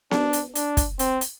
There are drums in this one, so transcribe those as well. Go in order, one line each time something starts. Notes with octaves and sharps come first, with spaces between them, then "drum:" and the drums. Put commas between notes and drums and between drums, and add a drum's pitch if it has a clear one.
D4, drum: snare B3
drum: hi-hat
D4, drum: hi-hat
drum: kick, hi-hat
C4, drum: hi-hat
drum: hi-hat